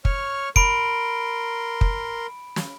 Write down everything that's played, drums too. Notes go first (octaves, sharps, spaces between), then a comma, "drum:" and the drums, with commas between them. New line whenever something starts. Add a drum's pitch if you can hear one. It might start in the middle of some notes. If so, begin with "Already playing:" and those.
C#5 C#6 F6, drum: kick
A#4 B5 C6 D7, drum: kick
drum: kick
drum: snare